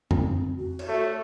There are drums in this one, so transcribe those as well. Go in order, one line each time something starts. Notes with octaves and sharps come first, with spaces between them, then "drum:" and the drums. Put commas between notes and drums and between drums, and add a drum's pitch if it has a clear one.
C4, drum: tom F2
F#4
drum: cymbal
A3